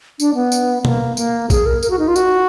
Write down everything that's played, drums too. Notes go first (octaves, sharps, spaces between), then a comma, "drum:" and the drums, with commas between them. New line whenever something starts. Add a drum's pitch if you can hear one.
D4, drum: tambourine
B3
drum: tambourine
A#3, drum: tom B2
A#3, drum: tambourine
G#4, drum: kick, tambourine
A#4
A#4, drum: tambourine
F#4
D#4
F4
F#4, drum: tambourine